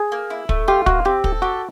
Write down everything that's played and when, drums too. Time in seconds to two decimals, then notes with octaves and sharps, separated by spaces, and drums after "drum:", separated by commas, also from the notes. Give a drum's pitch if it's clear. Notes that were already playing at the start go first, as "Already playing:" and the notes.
Already playing: G#4
0.12 A#3
0.30 E4
0.49 A3, drum: kick
0.68 F4 G4
0.86 A#3 F#4, drum: kick
1.05 C4 G4
1.24 A4, drum: kick
1.42 F#4 G4